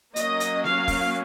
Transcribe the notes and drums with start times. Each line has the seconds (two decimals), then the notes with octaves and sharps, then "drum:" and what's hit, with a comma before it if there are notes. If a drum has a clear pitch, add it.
0.16 F#3 A#3 C#4 D#5, drum: hi-hat
0.40 drum: hi-hat
0.64 F5, drum: snare
0.88 drum: kick, open hi-hat